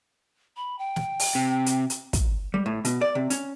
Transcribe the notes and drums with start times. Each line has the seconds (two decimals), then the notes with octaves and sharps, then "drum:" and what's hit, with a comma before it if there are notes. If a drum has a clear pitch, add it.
0.57 B5
0.79 G5
0.96 drum: snare
1.20 drum: open hi-hat
1.35 C3
1.66 drum: hi-hat
1.90 drum: hi-hat
2.13 drum: kick, hi-hat
2.54 G3
2.66 A2
2.85 B2, drum: hi-hat
3.01 D5
3.15 C3
3.30 C#4, drum: hi-hat